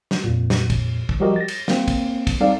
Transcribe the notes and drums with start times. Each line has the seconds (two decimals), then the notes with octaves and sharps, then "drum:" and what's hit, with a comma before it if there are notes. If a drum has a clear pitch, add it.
0.11 drum: snare
0.24 F2 A#2
0.50 drum: snare
0.70 drum: kick, cymbal
1.09 drum: kick
1.20 F3 G3 F#4 G4 A#4 D#5
1.36 A6 A#6
1.48 drum: cymbal
1.68 A#3 C4, drum: snare
1.88 drum: kick, cymbal
2.27 drum: kick, cymbal
2.40 G3 C4 D#4 A4 D5 F5